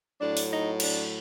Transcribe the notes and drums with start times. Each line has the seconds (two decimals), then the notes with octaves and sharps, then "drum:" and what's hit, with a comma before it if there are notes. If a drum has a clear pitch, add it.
0.20 A2 F#3 D4
0.37 drum: open hi-hat
0.50 D#4
0.80 D4, drum: cymbal